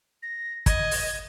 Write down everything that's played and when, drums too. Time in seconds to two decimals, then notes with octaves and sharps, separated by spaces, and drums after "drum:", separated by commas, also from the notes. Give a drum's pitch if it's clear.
0.23 A#6
0.66 D#5 G#6, drum: kick, hi-hat
0.91 drum: open hi-hat